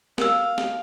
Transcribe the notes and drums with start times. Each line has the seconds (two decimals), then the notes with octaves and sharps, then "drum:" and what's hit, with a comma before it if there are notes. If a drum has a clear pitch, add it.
0.18 A#4 F5 E6, drum: snare
0.58 drum: snare